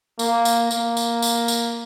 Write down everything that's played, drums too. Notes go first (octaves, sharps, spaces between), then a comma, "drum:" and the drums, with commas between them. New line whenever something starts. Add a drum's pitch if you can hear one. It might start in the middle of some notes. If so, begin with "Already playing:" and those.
A#3, drum: tambourine
drum: tambourine
A#3, drum: tambourine
drum: tambourine
drum: tambourine
drum: tambourine